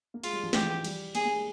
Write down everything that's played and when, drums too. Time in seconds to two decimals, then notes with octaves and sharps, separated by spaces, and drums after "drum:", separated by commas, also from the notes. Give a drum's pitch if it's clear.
0.14 A#3
0.24 G#3 F4, drum: cymbal
0.33 G3
0.43 F3
0.53 E3 G4, drum: snare
0.63 F3
0.84 G3, drum: cymbal
1.15 A#3 G#4, drum: cymbal
1.25 A#3
1.34 G#3